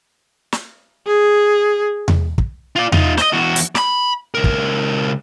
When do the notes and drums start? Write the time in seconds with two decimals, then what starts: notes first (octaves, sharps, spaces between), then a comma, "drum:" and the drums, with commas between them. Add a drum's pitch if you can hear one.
0.52 drum: snare
1.07 G#4
2.08 drum: tom E2
2.38 drum: kick
2.76 F4 D5
2.92 D#4 F4, drum: tom E2
3.17 C5 D#5, drum: snare
3.33 E2 F#4
3.56 drum: hi-hat
3.75 D5 B5, drum: snare
4.34 C#2 A#4
4.44 drum: kick